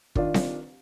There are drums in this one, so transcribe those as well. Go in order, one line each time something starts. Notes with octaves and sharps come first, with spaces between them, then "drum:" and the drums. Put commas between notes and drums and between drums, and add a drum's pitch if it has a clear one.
D#3 D4 F4, drum: kick
drum: snare C4